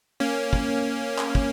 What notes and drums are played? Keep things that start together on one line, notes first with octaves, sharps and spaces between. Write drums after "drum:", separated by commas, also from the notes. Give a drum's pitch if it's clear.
A#3 C#4
drum: kick
drum: clap
drum: kick